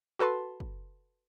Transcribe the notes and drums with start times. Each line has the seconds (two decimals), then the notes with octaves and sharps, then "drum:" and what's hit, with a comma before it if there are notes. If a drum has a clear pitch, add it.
0.19 F#4 A4 B4 A5 C6
0.60 drum: kick